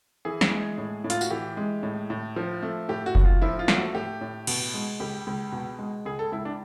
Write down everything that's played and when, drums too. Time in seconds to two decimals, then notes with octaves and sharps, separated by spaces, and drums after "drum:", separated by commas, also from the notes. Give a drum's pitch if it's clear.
0.25 E3 G#4
0.41 drum: snare
0.51 G#3
0.78 A2
1.04 A2
1.10 F4, drum: hi-hat
1.21 F#4, drum: tambourine
1.30 E3 G4
1.57 G#3
1.83 A2
2.10 A2
2.36 F3
2.62 A3
2.88 A2 G4
3.06 F#4
3.15 A2, drum: kick F#1
3.25 F4
3.41 F3 E4
3.59 F4
3.68 A3, drum: snare
3.76 F#4
3.95 A2 G4
4.21 A2
4.47 B2, drum: cymbal
4.74 G#3
5.00 C#2 G4
5.27 C#2
5.52 B2
5.79 G#3
6.05 C#2 G#4
6.19 A4
6.32 C#2 E4
6.45 D4